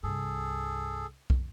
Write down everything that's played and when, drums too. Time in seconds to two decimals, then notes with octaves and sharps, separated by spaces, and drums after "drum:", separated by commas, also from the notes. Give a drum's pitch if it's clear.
0.03 C2 G2 G#4 A4
1.30 drum: kick